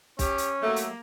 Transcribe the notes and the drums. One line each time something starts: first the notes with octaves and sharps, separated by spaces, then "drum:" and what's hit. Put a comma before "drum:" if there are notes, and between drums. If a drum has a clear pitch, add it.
C#4 G4, drum: kick B1, hi-hat
drum: hi-hat
F#3 A3 A#3
drum: hi-hat